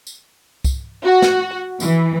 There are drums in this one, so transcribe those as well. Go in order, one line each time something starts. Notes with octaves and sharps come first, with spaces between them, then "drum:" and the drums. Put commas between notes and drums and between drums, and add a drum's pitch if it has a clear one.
drum: tambourine
drum: kick C2, tambourine
F#4
drum: snare
E3, drum: tambourine